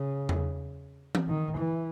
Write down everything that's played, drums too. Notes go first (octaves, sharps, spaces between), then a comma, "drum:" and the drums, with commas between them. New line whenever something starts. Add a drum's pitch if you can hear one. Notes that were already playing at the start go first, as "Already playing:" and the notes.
Already playing: C#3
drum: tom E2
drum: tom E3
D#3
E3